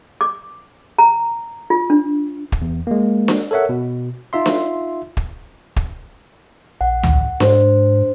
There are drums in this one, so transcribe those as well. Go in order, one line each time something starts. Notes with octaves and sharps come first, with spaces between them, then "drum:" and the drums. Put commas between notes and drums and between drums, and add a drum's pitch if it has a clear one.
D6
A#5
F4
D4
drum: kick
E2
G#3 A#3
drum: snare D4
A4 A#4 C#5 E5 F#5
B2
D#4 F4 E5 C6
drum: snare D4
drum: kick
drum: kick
A#1 F#5
drum: tom C#2
G#2 D4 C5, drum: snare D4